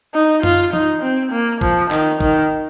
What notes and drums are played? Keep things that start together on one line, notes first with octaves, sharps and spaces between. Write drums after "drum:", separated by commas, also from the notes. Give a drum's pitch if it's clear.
D#4
F4, drum: tom F#2
D#4, drum: tom E3
C4
A#3
F3, drum: kick
D#3, drum: clap
D#3, drum: kick